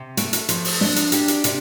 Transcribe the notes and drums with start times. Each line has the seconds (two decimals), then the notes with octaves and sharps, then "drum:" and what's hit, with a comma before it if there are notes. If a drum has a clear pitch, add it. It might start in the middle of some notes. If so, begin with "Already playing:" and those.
Already playing: C3
0.17 A3, drum: hi-hat
0.33 drum: hi-hat
0.49 F3, drum: hi-hat
0.65 drum: open hi-hat
0.81 D4, drum: snare
0.96 drum: hi-hat
1.12 G4, drum: hi-hat
1.28 drum: hi-hat
1.44 C3, drum: hi-hat